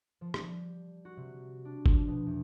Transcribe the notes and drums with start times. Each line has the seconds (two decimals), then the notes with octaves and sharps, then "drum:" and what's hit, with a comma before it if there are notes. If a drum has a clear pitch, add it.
0.21 F3
0.34 G3, drum: rim click
1.05 F#4
1.17 C3
1.65 D4
1.86 F3, drum: kick G1
2.08 B2
2.27 E2